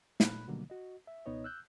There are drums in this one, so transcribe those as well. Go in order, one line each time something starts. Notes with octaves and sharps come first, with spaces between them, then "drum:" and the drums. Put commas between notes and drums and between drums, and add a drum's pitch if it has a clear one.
A#2 B5 F#6, drum: snare
B2 D3 D#3 F#3 G3 A#3
F#4 D#5
E5
C#2 B2 B3 D#4 C#5 D#5
E6 F#6 G6